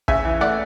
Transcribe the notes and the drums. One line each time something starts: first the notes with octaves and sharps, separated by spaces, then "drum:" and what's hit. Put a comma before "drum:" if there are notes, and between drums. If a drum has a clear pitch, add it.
C#3 E5 G#5, drum: kick
E3
A3 D5 F#5